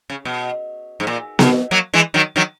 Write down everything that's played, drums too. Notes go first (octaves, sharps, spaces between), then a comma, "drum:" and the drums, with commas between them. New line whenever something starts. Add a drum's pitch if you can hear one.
C#3
B2
G#2
A#2
B2, drum: snare B3
F#3 A#3
E3 G#3
D#3 F#3
D#3 F#3